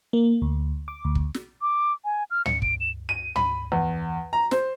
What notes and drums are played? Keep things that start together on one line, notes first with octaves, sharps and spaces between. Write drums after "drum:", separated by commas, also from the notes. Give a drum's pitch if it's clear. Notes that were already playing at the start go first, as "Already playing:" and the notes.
A#3
D2
D6
D2
drum: kick
drum: snare
D6
G#5
F6
C#7, drum: tom
D7, drum: kick
E7
D#7
B5, drum: tom
E2
A#5
C5, drum: snare